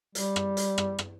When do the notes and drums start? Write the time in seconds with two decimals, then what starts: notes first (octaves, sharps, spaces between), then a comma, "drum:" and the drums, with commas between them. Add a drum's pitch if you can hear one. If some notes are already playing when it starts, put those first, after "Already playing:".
0.15 G3, drum: hi-hat
0.36 drum: rim click
0.57 drum: hi-hat
0.78 drum: rim click
0.99 drum: rim click